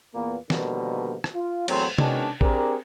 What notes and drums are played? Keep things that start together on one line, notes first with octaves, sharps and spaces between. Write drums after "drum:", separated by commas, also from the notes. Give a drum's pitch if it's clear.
E2 A#2 A#3 B3
B2 D3 D#3 F3 G3 A#3, drum: snare
drum: rim click
F4
A1 E2 F#3 A3 C4 C5, drum: cymbal
B2 D#3 G#3 C#4 D4, drum: tom C3
C4 D4 G4 G#4 A#4, drum: kick